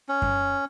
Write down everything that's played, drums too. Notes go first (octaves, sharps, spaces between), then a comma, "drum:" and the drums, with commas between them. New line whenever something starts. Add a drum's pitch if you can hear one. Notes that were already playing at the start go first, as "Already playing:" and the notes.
C#4
drum: kick F#2